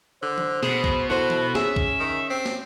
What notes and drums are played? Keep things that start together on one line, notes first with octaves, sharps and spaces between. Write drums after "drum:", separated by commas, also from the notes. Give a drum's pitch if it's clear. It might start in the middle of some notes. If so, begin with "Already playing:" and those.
D3 C5
drum: tom E3
B2 G#4, drum: snare
drum: kick B1
E4 F#4 A4 C5
drum: tom E3
C#4 G#4 E5, drum: snare
drum: kick B1
D#3
C4
drum: snare